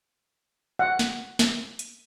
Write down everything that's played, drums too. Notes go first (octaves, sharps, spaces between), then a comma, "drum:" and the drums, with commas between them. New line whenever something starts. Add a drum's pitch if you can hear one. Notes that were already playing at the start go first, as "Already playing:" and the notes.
F#5
drum: snare
drum: snare
drum: hi-hat